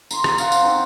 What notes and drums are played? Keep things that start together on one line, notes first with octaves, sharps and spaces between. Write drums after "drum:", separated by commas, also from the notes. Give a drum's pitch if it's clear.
A#5 C6, drum: tambourine
drum: rim click
C5 F5 F#5, drum: tambourine
drum: tambourine
C4 D#4 C5